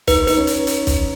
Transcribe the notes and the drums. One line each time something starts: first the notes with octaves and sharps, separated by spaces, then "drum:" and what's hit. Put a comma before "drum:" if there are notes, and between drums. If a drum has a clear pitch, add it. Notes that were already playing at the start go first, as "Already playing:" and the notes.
D#4 B4, drum: kick, hi-hat
D#4 B4, drum: hi-hat
C#4
drum: hi-hat
drum: hi-hat
drum: kick, hi-hat